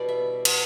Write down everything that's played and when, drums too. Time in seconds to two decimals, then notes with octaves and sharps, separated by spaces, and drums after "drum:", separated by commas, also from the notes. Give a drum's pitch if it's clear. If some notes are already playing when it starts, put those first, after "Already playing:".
Already playing: B2 E3 G3 B3 D5
0.09 E5
0.45 drum: cymbal